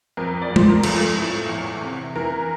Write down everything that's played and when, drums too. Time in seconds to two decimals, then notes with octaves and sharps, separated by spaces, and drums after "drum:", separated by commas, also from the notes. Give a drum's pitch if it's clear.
0.17 F2 A#4
0.42 D5
0.51 F2
0.56 C5, drum: tom
0.70 A#4
0.83 F3 A4, drum: cymbal
1.17 A2
1.49 E2
1.83 C3
2.16 E3 A#4